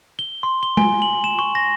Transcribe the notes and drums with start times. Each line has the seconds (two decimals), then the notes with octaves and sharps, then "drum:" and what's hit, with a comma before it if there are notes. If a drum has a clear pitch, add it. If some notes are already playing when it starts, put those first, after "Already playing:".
0.19 G7
0.43 C6
0.63 G7
0.77 G#5, drum: tom G#3
1.02 F#7
1.24 E7
1.39 C#6
1.55 A#6